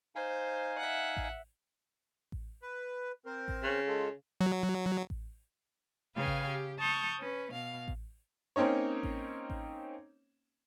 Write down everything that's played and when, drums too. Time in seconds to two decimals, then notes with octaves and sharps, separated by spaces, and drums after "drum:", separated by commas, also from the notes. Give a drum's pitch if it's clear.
0.16 D#4 C5 F5 G#5
0.78 E5 F#5
1.17 drum: kick A1
2.32 drum: kick A1
2.62 B4
3.26 C4 A#4 C5
3.48 drum: kick A1
3.63 C#3
3.87 G#3 F4 A4
4.41 F#3
5.10 drum: kick A1
6.15 C#3 B4 F5 G5 G#5
6.26 drum: kick A1
6.47 G4
6.79 A5 C#6 D#6 F6 G6
7.20 C#4 B4
7.52 B2 F5
7.88 drum: kick A1
8.56 A#3 C4 C#4 D#4 C#5
9.03 drum: kick A1
9.50 drum: kick A1